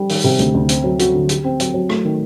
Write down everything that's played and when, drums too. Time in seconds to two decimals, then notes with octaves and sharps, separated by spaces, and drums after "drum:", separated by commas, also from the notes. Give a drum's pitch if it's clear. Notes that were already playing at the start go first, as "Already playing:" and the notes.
Already playing: G3
0.09 D#3, drum: open hi-hat
0.24 C3
0.39 D2, drum: hi-hat
0.54 D2
0.69 C4, drum: hi-hat
0.84 F#3
0.99 F#4, drum: hi-hat
1.14 D3
1.29 G4, drum: hi-hat
1.44 C4
1.60 F#3, drum: hi-hat
1.74 F#3
1.89 A3, drum: rim click
2.04 D#3